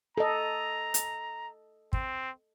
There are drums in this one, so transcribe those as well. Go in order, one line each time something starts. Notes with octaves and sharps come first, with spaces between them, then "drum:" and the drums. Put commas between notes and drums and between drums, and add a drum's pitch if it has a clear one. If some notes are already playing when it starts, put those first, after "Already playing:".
A4 D#5 A#5
drum: hi-hat
C4, drum: kick